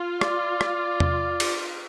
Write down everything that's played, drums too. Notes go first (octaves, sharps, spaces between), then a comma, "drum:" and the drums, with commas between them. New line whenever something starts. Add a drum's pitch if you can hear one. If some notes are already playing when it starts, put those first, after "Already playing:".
Already playing: F4
D5, drum: rim click
drum: rim click
drum: tom E2
drum: cymbal